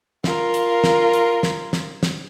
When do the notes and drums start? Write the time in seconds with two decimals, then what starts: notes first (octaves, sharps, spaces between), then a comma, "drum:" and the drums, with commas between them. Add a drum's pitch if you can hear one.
0.24 F4 A#4, drum: snare
0.54 drum: hi-hat
0.84 drum: snare
1.13 drum: hi-hat
1.43 drum: snare
1.73 drum: snare
2.03 drum: snare